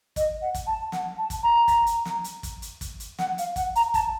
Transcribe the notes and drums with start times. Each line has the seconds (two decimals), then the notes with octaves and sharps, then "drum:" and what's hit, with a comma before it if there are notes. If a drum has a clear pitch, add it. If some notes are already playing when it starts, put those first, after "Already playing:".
0.16 D#5, drum: kick, hi-hat
0.41 F#5
0.54 drum: kick, hi-hat
0.67 A5
0.92 F#5, drum: snare
1.18 A5
1.30 drum: kick, hi-hat
1.43 A#5
1.68 drum: kick, hi-hat
1.87 drum: hi-hat
2.05 drum: snare
2.24 drum: hi-hat
2.43 drum: kick, hi-hat
2.62 drum: hi-hat
2.81 drum: kick, hi-hat
3.00 drum: hi-hat
3.19 F#5, drum: snare
3.38 F5, drum: hi-hat
3.56 F#5, drum: kick, hi-hat
3.76 A#5, drum: hi-hat
3.94 A5, drum: kick, hi-hat